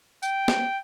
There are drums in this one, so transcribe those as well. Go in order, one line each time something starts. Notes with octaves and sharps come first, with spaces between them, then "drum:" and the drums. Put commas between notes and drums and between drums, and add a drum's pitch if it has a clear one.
G5, drum: tambourine
drum: snare